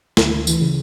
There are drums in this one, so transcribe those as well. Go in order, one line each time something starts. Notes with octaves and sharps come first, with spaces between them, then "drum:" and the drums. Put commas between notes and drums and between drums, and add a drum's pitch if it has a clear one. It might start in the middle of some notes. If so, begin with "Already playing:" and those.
D2, drum: snare
D2
E3, drum: tambourine
C#3